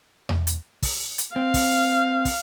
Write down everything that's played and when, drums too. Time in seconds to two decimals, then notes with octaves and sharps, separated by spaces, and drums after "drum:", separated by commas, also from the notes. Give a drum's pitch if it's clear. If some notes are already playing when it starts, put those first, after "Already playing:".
0.29 drum: tom E2
0.47 drum: hi-hat
0.82 drum: kick, open hi-hat
1.18 drum: hi-hat
1.36 C4 F5
1.54 drum: kick, open hi-hat
2.25 drum: kick, open hi-hat